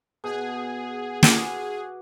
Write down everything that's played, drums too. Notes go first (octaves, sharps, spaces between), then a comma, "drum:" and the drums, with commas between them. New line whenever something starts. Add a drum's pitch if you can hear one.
B2 G#4
F#4 D6, drum: snare